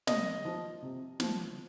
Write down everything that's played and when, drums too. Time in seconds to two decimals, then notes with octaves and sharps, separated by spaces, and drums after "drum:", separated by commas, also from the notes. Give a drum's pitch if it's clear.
0.07 C3 D#5, drum: snare
0.45 F3
0.82 C3
1.20 F3, drum: snare